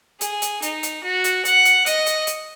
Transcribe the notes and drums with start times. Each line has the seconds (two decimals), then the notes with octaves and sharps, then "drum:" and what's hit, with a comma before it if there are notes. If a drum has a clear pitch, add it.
0.21 G#4, drum: hi-hat
0.42 drum: hi-hat
0.62 D#4, drum: hi-hat
0.83 drum: hi-hat
1.04 F#4
1.24 drum: hi-hat
1.45 F#5, drum: hi-hat
1.65 drum: hi-hat
1.86 D#5, drum: hi-hat
2.06 drum: hi-hat
2.27 drum: hi-hat